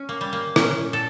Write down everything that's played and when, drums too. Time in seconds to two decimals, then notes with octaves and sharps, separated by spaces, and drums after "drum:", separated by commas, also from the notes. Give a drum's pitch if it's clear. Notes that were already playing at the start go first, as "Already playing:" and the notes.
Already playing: C#4
0.09 A#3
0.21 G3
0.33 A#3
0.56 A#2 C#4, drum: rim click
0.93 A#2 A4